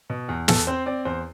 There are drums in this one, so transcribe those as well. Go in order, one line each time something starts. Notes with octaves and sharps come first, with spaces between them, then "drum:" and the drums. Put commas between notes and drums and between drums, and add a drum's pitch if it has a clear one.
B2
E2
E2 A4, drum: snare
C4 C5
C4 D5
E2 C5